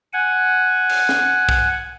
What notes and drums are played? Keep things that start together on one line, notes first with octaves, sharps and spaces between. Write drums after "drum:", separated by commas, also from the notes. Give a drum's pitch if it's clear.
F#5 G#5
drum: cymbal
drum: snare
drum: kick